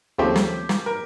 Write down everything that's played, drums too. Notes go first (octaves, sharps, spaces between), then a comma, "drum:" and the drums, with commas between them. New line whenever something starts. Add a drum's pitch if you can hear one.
D#2 C#3 F3 A3 C4 G4
drum: snare
drum: snare
A#4